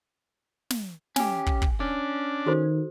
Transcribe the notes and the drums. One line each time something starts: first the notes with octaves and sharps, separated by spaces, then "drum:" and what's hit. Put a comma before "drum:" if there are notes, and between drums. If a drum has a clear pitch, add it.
drum: snare
C#4 G4 G#5, drum: snare
drum: kick
drum: kick
C#4 D4
D#3 F#4 A4 C5